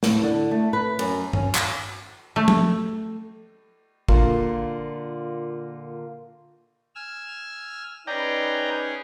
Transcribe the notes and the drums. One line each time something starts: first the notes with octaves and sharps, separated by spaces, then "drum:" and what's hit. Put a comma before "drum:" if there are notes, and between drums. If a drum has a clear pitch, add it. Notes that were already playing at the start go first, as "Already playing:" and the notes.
A2, drum: snare
D3
A3
B4
F#2, drum: cymbal
C#4, drum: tom G2
drum: clap
A3
drum: tom
A#2 D3 A#3 F4 A#4, drum: kick
G#5 E6 F6
C#4 D#4 G#4 B4 D5 G5 A#5